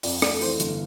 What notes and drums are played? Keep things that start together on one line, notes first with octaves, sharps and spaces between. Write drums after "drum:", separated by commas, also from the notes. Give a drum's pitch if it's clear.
F2 D5, drum: open hi-hat
A3 D5, drum: rim click
E3 C5, drum: open hi-hat
G1, drum: hi-hat